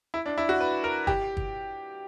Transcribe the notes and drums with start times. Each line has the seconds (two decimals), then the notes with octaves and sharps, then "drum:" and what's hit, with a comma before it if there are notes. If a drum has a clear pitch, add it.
0.14 E4
0.26 D4
0.38 E4
0.49 F#4
0.60 B4
0.84 A#4
1.07 G4, drum: kick
1.37 drum: kick